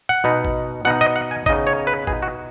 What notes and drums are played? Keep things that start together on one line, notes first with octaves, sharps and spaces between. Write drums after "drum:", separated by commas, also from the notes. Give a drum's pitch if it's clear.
F#5
B2 B3 D#4
drum: kick A1
B2 B3 D#4 F#5
D#5
F#5
G#5
C#3 B3 D#4 D#5, drum: kick A1
C#5
B4
B2 B3 D#4 G#4, drum: kick A1
F#4